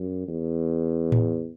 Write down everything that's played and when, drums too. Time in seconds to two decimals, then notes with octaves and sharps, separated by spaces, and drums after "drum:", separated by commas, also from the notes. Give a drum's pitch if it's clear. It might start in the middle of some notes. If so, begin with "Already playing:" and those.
Already playing: F#2
0.28 E2
1.12 drum: tom A2